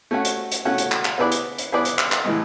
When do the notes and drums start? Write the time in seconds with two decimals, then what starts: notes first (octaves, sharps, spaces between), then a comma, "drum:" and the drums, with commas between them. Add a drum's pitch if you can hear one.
0.11 A3 C#4 F#4
0.25 drum: hi-hat
0.52 drum: hi-hat
0.65 A3 C#4 F#4
0.78 drum: hi-hat
0.92 drum: clap
1.05 drum: clap
1.18 B3 E4 G#4 B4 D5
1.32 drum: hi-hat
1.58 drum: hi-hat
1.72 B3 E4 G#4 B4 D5
1.85 drum: hi-hat
1.99 drum: clap
2.12 drum: clap
2.25 A2 E3 G#3